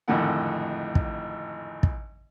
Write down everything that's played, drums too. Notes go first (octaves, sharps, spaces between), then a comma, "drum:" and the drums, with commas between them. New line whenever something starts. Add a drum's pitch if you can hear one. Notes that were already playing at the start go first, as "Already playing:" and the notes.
G#1 F2 A2 D3 A3 F#5
drum: kick
drum: kick